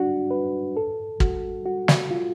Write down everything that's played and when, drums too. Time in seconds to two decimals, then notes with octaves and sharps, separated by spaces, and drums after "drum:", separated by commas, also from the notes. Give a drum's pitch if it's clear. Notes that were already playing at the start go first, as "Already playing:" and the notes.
Already playing: D4 F#4
0.31 B4
0.77 A4
1.20 F#4, drum: kick
1.66 F#4
1.88 drum: snare
2.11 F4